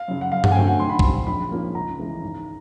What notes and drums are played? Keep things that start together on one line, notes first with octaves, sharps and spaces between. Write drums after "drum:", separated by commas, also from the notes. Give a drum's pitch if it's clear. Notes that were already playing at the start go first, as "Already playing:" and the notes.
Already playing: F5
F#2 C#3
F#5
F#2 F5
F#5, drum: tom G2
G#5
D3 F#3 A3 C4 G5
F#5
B1 C6
B5
A#2 G3 C4 C6, drum: kick
A#1 B5
G#2 F3 A#3 C#4
C#2 A#5
C#3 E3 G#3 B3
G#1